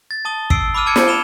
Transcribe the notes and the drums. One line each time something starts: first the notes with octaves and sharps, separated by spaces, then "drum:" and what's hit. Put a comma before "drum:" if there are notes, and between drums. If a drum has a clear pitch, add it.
A6
A5 D#6 G7
E6 C7 D7, drum: kick
B5 D6 E6 F6 D#7
A5 D6 G#6 C#7 D7
drum: snare
B5 E7 G7